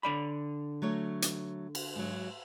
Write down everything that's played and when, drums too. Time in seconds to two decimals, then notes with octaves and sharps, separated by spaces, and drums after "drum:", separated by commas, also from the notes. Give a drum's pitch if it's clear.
0.03 D3 D5 B5
0.82 F#3 A3 C#5
1.22 drum: hi-hat
1.75 drum: cymbal
1.95 G#2 F#3